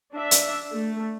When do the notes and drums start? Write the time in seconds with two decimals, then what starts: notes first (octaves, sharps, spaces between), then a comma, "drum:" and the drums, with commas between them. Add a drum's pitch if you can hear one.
0.13 D4 E5
0.31 drum: hi-hat
0.72 A3